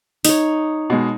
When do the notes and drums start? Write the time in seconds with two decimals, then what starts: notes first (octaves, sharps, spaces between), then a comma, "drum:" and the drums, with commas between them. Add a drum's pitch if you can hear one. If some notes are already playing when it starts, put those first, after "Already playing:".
0.25 D#4 C#5, drum: open hi-hat
0.90 B2 G#3